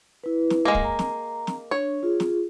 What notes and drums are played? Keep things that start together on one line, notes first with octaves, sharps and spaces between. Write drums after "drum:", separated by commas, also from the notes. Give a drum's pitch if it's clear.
E4 B4
drum: snare
G#3 A#3
drum: kick
A#5
drum: snare
drum: snare
D4 C#5
F4 G#4
drum: snare